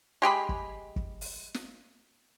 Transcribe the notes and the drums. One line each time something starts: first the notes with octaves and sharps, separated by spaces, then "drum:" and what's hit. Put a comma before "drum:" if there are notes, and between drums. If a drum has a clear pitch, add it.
G#3 G4 G#4 B5
drum: kick
drum: kick
drum: open hi-hat
drum: snare